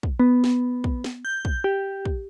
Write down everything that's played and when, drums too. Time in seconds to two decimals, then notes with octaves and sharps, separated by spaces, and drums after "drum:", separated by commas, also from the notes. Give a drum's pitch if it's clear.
0.03 drum: kick
0.20 B3
0.44 drum: snare
0.84 drum: kick
1.04 drum: snare
1.25 G6
1.45 drum: kick
1.64 G4
2.05 drum: kick